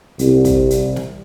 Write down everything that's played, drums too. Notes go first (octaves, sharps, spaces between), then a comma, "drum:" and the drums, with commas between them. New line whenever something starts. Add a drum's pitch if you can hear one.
C2, drum: hi-hat
drum: kick, hi-hat
drum: hi-hat
drum: snare